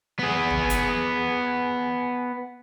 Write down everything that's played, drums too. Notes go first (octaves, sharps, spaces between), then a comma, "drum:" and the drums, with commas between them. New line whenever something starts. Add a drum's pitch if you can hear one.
B3 G#4
drum: tom
drum: hi-hat